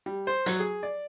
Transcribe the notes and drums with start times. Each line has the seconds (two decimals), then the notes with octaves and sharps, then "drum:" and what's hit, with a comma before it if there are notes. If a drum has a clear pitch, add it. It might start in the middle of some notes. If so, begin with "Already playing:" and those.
0.06 G3
0.27 C5
0.46 F#3, drum: hi-hat
0.60 G#4
0.83 D5